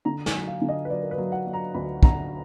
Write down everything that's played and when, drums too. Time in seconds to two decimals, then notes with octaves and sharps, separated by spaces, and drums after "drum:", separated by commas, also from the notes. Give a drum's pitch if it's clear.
0.05 D3 A#5
0.26 G#5, drum: snare
0.34 F#3
0.48 F5
0.62 D3
0.69 D#5
0.85 B4
0.90 F#3 D5
1.02 A#4
1.11 B4
1.18 F#3
1.32 F#5
1.47 F#3
1.53 A#5
1.74 D2 B5
2.03 D3 A#5, drum: kick